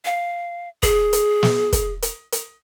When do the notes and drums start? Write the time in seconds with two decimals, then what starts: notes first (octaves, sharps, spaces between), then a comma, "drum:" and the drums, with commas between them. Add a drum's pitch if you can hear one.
0.05 F5
0.83 G#4, drum: kick, hi-hat
1.13 drum: hi-hat
1.43 drum: snare
1.73 drum: kick, hi-hat
2.02 drum: hi-hat
2.32 drum: hi-hat